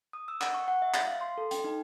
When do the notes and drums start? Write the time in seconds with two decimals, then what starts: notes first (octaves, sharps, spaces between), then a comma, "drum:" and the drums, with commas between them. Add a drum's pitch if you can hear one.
0.13 D#6
0.28 E6
0.41 F#5, drum: clap
0.54 C#6
0.68 F#5
0.82 E5
0.94 A6, drum: clap
1.07 F5
1.21 C6
1.38 A4
1.51 G5, drum: hi-hat
1.64 D#4